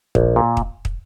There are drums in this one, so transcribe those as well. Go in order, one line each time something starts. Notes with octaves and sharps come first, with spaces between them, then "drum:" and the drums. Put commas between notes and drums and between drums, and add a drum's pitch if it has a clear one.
A#1, drum: kick
A#2
drum: kick
drum: kick